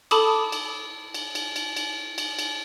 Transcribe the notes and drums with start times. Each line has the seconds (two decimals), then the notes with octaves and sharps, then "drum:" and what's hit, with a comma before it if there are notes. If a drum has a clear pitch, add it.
0.11 A4 A5 B5 D6 D#6, drum: cymbal
0.52 drum: cymbal
1.14 drum: cymbal
1.35 drum: cymbal
1.56 drum: cymbal
1.77 drum: cymbal
2.18 drum: cymbal
2.39 drum: cymbal